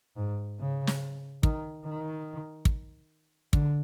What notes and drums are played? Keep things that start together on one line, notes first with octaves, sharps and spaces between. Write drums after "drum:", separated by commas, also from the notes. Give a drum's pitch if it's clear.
G#2
C#3
drum: snare
D#3, drum: kick
D#3
drum: kick
D3, drum: kick